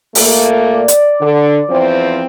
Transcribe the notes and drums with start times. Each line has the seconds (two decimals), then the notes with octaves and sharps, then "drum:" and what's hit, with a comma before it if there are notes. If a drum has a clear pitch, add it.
0.15 A#2 A3 A#3, drum: open hi-hat
0.72 D5
0.88 drum: hi-hat
1.19 D3
1.69 E2 F3 C4